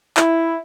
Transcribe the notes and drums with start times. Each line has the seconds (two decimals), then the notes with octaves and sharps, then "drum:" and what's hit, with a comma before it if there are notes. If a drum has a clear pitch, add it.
0.17 E4, drum: clap